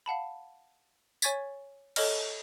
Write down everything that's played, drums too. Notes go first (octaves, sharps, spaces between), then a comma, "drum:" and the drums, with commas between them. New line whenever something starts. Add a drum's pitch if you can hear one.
F5 F#5 A5 B5
C#5 G#5 C#6 G#6 A6 B6, drum: tambourine
A4 C#5 D#5 F6, drum: cymbal